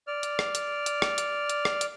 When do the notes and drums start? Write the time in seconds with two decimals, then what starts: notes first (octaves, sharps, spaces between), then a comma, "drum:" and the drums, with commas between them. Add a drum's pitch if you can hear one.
0.07 D5 F6
0.23 drum: hi-hat
0.39 drum: rim click
0.55 drum: hi-hat
0.86 drum: hi-hat
1.02 drum: rim click
1.18 drum: hi-hat
1.49 drum: hi-hat
1.65 drum: rim click
1.81 drum: hi-hat